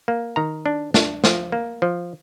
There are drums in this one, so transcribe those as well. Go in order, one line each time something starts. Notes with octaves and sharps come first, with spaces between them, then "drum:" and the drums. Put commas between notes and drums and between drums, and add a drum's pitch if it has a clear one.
A#3
D#3 A#5
D4
D4, drum: snare
F3, drum: snare
A#3
F3